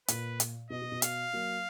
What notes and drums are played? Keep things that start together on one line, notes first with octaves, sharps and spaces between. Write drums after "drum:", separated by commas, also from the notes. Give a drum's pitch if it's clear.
A#2 B4, drum: hi-hat
drum: hi-hat
B2 D#5
B2
B2
F5, drum: hi-hat
F#3 A#3